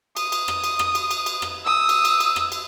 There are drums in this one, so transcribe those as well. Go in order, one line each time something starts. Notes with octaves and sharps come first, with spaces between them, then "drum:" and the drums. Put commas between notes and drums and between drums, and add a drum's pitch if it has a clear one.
D#6, drum: cymbal
drum: cymbal
drum: rim click
drum: cymbal
drum: rim click
drum: cymbal
drum: cymbal
drum: cymbal
drum: rim click
D#6 E6
drum: cymbal
drum: cymbal
drum: cymbal
drum: rim click
drum: cymbal